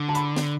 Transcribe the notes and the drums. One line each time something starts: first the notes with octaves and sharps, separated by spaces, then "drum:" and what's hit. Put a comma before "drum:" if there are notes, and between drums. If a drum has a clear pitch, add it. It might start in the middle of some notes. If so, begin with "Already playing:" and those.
Already playing: D3
A5
B5, drum: hi-hat
drum: snare